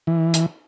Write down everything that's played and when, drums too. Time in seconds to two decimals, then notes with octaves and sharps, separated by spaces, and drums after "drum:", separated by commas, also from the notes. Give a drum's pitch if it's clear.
0.07 E3
0.34 drum: hi-hat